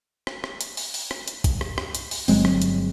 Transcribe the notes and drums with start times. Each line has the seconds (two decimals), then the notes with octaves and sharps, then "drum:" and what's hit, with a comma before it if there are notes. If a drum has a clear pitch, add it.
0.27 drum: rim click
0.44 drum: rim click
0.61 drum: hi-hat
0.77 drum: open hi-hat
0.94 drum: open hi-hat
1.11 drum: rim click
1.28 drum: hi-hat
1.44 drum: kick, hi-hat
1.61 drum: rim click
1.78 drum: rim click
1.95 drum: hi-hat
2.11 drum: open hi-hat
2.28 G1 F#3 G#3 C4, drum: open hi-hat
2.45 drum: rim click
2.62 drum: hi-hat